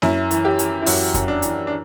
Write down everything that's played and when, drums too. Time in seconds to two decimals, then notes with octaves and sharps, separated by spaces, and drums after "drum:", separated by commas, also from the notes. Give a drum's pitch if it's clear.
0.02 F#2 E4, drum: snare A#3
0.31 E3, drum: hi-hat
0.45 G4
0.59 E3, drum: hi-hat
0.82 E4
0.86 F#2 F#4, drum: open hi-hat
1.14 F#2, drum: kick F2, hi-hat
1.28 D4
1.42 E3, drum: hi-hat
1.67 D4